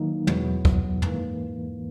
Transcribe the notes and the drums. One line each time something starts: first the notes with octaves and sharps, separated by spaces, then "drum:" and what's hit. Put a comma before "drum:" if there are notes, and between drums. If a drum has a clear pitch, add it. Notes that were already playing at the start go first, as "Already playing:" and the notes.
Already playing: D#3 F#3 A#3 D#4
E2 B2 F#3 B3 E4, drum: tom
drum: kick
G#2 E3 A#3, drum: tom